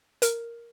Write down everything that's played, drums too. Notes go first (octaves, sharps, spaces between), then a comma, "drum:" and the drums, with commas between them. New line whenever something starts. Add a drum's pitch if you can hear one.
A#4, drum: hi-hat